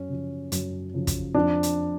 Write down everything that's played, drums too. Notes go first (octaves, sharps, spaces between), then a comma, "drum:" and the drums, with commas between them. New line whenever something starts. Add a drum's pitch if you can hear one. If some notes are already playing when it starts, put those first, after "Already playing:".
Already playing: F#2 C#4
C#3 F3
F#2, drum: hi-hat
C#3 F3
drum: kick, hi-hat
F2 D4
drum: hi-hat